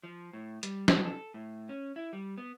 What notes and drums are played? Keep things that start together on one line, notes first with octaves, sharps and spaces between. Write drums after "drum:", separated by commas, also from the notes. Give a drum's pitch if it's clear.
F3
A2
G3, drum: hi-hat
G3, drum: snare
A4
A2
C#4
E4
G3
B3